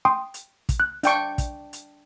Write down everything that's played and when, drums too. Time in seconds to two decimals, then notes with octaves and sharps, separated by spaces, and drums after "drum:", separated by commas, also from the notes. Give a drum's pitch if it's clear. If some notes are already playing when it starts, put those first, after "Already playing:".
0.05 G5 C6 D#6
0.34 drum: hi-hat
0.69 drum: kick, hi-hat
0.80 F#6
1.03 D4 G5 C#6, drum: hi-hat
1.38 drum: kick, hi-hat
1.73 drum: hi-hat